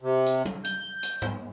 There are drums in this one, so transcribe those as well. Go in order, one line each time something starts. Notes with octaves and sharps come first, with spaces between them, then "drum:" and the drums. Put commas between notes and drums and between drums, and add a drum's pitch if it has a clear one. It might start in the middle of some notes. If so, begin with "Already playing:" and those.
C3
drum: hi-hat
drum: tom F#3
G6, drum: hi-hat
drum: hi-hat
drum: tom G#2